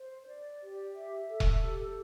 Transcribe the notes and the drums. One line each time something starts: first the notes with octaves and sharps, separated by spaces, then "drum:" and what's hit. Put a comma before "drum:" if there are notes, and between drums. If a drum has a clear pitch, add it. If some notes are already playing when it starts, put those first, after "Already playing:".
Already playing: C5
D5
G4
E5
A4
drum: kick E1
G4